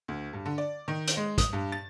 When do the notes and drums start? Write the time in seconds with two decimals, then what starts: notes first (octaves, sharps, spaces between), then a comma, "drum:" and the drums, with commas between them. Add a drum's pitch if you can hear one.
0.08 D2
0.33 G2
0.46 D3
0.58 D5
0.88 D#3
1.07 drum: hi-hat
1.17 G#3
1.38 D#6, drum: kick, hi-hat
1.53 G2
1.72 A6